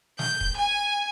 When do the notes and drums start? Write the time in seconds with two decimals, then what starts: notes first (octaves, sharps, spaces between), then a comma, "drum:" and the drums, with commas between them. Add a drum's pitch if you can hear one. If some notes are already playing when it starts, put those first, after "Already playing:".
0.19 G6, drum: snare
0.41 drum: kick
0.57 G#5